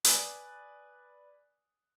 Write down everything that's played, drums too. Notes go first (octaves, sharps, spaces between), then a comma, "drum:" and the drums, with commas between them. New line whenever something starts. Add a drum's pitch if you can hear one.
B4 D5 G#5 D#6 F#6, drum: hi-hat